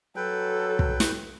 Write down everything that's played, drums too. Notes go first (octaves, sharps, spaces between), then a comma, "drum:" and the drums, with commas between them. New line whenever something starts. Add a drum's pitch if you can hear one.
F#3 A4 B4 G5
drum: kick
drum: snare